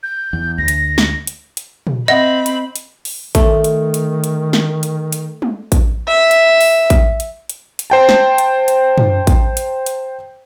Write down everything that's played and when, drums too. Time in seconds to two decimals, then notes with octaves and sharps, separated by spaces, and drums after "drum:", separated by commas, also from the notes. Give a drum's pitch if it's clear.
0.03 G6
0.33 E2
0.58 D2 A#6
0.68 drum: hi-hat
0.98 drum: snare
1.27 drum: hi-hat
1.57 drum: hi-hat
1.87 drum: tom A#2
2.08 C4 D#5 E5 F#5 B5
2.46 drum: hi-hat
2.76 drum: hi-hat
3.05 drum: open hi-hat
3.35 D#3 A3, drum: kick A1, hi-hat
3.64 drum: hi-hat
3.94 drum: hi-hat
4.24 drum: hi-hat
4.53 drum: snare
4.83 drum: hi-hat
5.13 drum: hi-hat
5.42 drum: tom
5.72 drum: kick A1, hi-hat
6.08 E5
6.31 drum: hi-hat
6.61 drum: open hi-hat
6.90 drum: kick A1, hi-hat
7.20 drum: hi-hat
7.49 drum: hi-hat
7.79 drum: hi-hat
7.90 C5 G5 A5
8.09 drum: snare
8.38 drum: hi-hat
8.68 drum: hi-hat
8.98 drum: tom
9.27 drum: kick A1, hi-hat
9.57 drum: hi-hat
9.86 drum: hi-hat